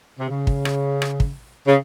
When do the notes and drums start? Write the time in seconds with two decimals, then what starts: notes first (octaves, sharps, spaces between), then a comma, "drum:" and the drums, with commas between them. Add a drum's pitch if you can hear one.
0.18 C3
0.29 C#3
0.47 drum: kick
0.65 drum: rim click
1.02 drum: rim click
1.20 drum: kick
1.67 C#3